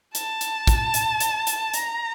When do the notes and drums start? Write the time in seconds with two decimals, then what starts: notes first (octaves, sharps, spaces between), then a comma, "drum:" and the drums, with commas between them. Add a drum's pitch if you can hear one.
0.15 A5, drum: hi-hat
0.41 drum: hi-hat
0.67 drum: kick, hi-hat
0.94 drum: hi-hat
1.20 drum: hi-hat
1.47 drum: hi-hat
1.74 A#5, drum: hi-hat